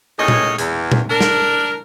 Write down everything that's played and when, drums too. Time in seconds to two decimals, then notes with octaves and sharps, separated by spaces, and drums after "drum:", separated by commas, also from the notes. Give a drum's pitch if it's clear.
0.19 D#2 A2 C#4 G#4 D#5
0.28 drum: tom A#2
0.58 E2, drum: hi-hat
0.92 drum: tom A#2
1.10 D4 A#4
1.21 drum: snare